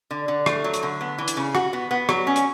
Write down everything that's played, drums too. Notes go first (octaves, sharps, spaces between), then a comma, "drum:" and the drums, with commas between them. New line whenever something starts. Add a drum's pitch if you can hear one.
D3
D3
A3, drum: rim click
F#3
drum: hi-hat
D3
B3
E3
drum: hi-hat
C#3
F#4, drum: rim click
B3
B3
F#3, drum: rim click
C#4
drum: hi-hat